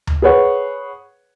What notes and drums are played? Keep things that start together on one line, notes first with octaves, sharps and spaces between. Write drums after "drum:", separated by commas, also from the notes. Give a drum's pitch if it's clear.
drum: tom D2
G#4 B4 C#5 F#5